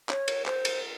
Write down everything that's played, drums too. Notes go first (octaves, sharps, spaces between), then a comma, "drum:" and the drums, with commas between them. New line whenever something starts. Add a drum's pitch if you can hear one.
C#5, drum: clap
drum: cymbal
C5, drum: clap
drum: cymbal